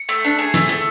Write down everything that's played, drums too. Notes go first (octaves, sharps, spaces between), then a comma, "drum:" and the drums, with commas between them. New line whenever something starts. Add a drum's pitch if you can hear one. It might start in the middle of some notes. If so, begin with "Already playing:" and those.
Already playing: C#7
A3
D4
G#4
A3, drum: snare
A3